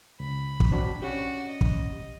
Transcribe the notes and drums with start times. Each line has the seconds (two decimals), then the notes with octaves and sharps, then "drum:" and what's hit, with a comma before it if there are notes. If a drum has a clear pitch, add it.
0.20 C#2 B5
0.60 drum: kick
0.71 C4 D4 F#4
1.02 C#4 F#4 G4 D5
1.47 D#5
1.61 drum: kick